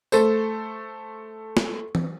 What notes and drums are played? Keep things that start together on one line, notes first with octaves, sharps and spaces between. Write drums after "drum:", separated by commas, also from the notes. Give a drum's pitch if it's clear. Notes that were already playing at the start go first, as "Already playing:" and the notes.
A3 A4 C5, drum: tambourine
drum: snare
drum: tom E3